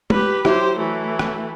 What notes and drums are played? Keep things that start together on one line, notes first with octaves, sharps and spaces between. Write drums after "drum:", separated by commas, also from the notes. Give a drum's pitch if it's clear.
G4 B4, drum: tom
F#3 E4 G4 C5, drum: rim click
E3 A3
drum: rim click